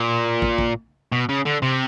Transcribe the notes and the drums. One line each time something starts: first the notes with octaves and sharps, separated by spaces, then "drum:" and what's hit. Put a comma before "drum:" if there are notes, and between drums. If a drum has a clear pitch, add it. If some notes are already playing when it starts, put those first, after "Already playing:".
Already playing: A#2
drum: kick
drum: kick
B2
C#3
D3
C3